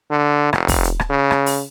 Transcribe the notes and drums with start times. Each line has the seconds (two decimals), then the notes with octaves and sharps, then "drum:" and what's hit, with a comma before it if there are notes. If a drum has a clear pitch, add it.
0.11 D3
0.53 F1, drum: rim click
0.68 drum: kick, open hi-hat
0.84 drum: hi-hat
0.99 drum: rim click
1.10 C#3
1.31 drum: rim click
1.46 drum: open hi-hat